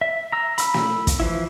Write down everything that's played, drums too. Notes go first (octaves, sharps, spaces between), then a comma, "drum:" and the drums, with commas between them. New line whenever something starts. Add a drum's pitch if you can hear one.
E5
A#5 E6
B5 E6, drum: hi-hat
drum: snare
drum: kick, hi-hat
E3 F3 E4